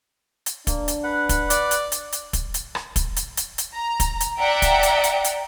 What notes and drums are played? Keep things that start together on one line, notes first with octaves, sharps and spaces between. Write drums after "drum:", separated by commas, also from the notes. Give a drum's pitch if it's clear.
drum: hi-hat
A#3 D4, drum: kick, hi-hat
drum: hi-hat
B4 F#5
drum: kick, hi-hat
D5, drum: hi-hat
drum: hi-hat
drum: hi-hat
drum: hi-hat
drum: kick, hi-hat
drum: hi-hat
drum: rim click
drum: kick, hi-hat
drum: hi-hat
drum: hi-hat
drum: hi-hat
A#5
drum: kick, hi-hat
drum: hi-hat
D5 E5 F#5 G5 A#5
drum: kick, hi-hat
drum: hi-hat
drum: hi-hat
drum: hi-hat